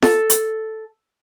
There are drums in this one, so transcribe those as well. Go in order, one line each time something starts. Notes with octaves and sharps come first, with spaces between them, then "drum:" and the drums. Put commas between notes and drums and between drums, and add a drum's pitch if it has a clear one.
A4, drum: snare F4
drum: hi-hat